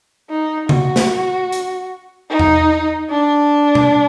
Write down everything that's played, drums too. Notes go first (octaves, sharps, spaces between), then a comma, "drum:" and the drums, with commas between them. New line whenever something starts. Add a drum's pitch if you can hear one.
D#4
F#4, drum: tom C#3
drum: snare
drum: hi-hat
D#4
drum: tom E2
D4
drum: tom B2